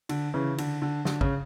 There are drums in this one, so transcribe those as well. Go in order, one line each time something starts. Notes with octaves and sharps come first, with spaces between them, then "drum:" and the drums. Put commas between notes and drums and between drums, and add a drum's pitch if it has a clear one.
D3, drum: cymbal
C#3 E3
D3, drum: cymbal
D3
D3, drum: snare
C#3, drum: kick